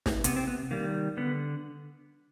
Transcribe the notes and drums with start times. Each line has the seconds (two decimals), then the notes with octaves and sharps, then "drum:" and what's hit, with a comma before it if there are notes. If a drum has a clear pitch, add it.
0.06 drum: snare
0.24 C3 B3, drum: hi-hat
0.36 C4
0.47 B3
0.71 D#3 G3 A#3
1.17 D3 B3